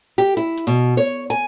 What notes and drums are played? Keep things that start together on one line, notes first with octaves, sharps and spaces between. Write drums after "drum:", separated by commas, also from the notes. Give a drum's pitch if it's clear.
G4
E4, drum: hi-hat
drum: hi-hat
B2
C#5
G#5, drum: hi-hat